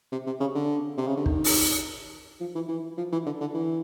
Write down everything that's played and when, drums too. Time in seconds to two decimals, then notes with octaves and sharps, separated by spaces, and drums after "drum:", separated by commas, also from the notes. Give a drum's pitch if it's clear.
0.12 C3
0.27 C3
0.40 C#3
0.55 D3
0.97 C3
1.07 C#3
1.17 D3
1.26 D#3, drum: kick
1.44 drum: open hi-hat
2.40 F3
2.55 E3
2.69 E3
2.98 F3
3.12 E3
3.26 D3
3.41 D3
3.54 E3